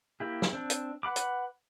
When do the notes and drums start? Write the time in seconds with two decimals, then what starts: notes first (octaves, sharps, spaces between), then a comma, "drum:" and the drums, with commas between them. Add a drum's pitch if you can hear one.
0.20 A#3 E4 G4
0.42 drum: snare
0.53 C4 D4
0.70 drum: hi-hat
1.03 B4 F#5 B5 D6
1.16 drum: hi-hat